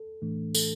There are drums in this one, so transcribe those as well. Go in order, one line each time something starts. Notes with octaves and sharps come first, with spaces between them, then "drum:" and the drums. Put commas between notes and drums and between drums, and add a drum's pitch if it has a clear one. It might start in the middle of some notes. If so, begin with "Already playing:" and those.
Already playing: A4
A2 E3 A3 D4
A4, drum: tambourine